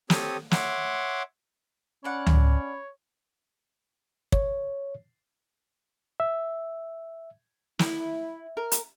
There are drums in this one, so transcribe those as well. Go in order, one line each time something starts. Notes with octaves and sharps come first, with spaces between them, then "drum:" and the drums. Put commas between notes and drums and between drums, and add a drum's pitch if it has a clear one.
C4 G4 A4 C#5 D#6, drum: snare
C#5 E5 F#5 C6 D6, drum: snare
C#4 D4 C#5 D5 F#5 B5
drum: tom C#2
C#5, drum: kick
E5
E4, drum: snare
A#4
drum: hi-hat